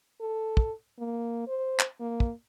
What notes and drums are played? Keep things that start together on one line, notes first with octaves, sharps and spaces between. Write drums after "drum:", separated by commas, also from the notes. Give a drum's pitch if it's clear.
A4
drum: kick
A#3
C5
drum: clap
A#3
drum: kick